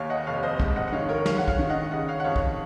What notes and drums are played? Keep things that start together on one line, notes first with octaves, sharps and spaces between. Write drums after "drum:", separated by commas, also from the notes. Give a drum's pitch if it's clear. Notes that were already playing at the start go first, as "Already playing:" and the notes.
Already playing: D#2 C#5 F5
D#5 F#5
F1 C#5 F5
C5 D#5
G#2, drum: kick
D#5 F#5
F#5
D#3 C#5 F5
A#4 C#5
G#3 C#5 F5, drum: snare
F#5
C#5 F5, drum: kick
D#3
D#5 F#5
C#3 D#5 F#5
C#5 F5
F#5
F2 C#5 F5
drum: kick